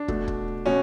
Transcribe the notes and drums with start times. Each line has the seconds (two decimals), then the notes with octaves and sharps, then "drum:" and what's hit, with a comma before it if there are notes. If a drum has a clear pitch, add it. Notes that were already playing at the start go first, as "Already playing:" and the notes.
Already playing: D4
0.08 B2 A3, drum: kick
0.28 drum: kick
0.66 B2 C#4